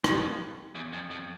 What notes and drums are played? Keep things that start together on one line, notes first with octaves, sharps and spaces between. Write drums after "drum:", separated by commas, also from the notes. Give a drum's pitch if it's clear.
F2, drum: rim click
E2
F2
F2